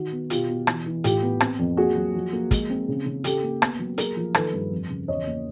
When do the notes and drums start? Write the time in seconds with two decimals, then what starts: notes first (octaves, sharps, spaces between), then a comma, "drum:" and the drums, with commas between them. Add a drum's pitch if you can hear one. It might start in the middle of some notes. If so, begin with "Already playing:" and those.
Already playing: D#3 F#4
0.12 B3
0.30 B2 F4 G4, drum: hi-hat
0.49 B2
0.67 E3, drum: rim click
0.86 E3
1.04 A2 F4 G4, drum: hi-hat
1.22 B3
1.40 C4, drum: rim click
1.59 F2
1.77 A#3 F#4 G#4
1.96 F#3
2.14 F3
2.33 A#3
2.51 G#3, drum: kick, hi-hat
2.70 C4
2.88 C#3
3.06 C#3
3.24 C#3 G4 A4, drum: hi-hat
3.43 A#3
3.62 B3, drum: rim click
3.79 F#3
3.98 A#3 G#4 A#4, drum: hi-hat
4.17 F3
4.34 D#3 A4 B4, drum: rim click
4.53 G2
4.71 F2
4.90 C#3
5.08 E2 C#5 D#5
5.27 A#3